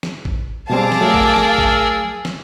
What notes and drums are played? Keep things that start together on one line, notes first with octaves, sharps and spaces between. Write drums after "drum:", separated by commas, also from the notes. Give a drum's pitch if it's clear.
drum: snare
drum: kick
B2 G3 C4 G#4 F5 A5 D6
drum: snare
F#3 A3 A#4 D5 E6
drum: kick
drum: snare
drum: kick
drum: snare